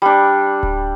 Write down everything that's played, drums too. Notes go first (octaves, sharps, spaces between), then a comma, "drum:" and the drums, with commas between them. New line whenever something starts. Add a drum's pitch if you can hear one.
G3 D4
drum: kick D1